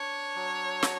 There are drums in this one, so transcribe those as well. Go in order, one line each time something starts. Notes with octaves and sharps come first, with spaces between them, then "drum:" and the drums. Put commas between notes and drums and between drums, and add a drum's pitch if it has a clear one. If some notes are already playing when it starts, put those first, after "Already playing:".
Already playing: D4 C#5
F#3
F#4, drum: snare